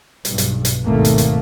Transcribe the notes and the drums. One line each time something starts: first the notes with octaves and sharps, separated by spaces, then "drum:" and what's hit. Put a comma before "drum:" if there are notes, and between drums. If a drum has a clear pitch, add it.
B1 G2, drum: hi-hat
drum: hi-hat
drum: hi-hat
G#1 D#2 B2 D#3 A3 A#3
drum: hi-hat
drum: hi-hat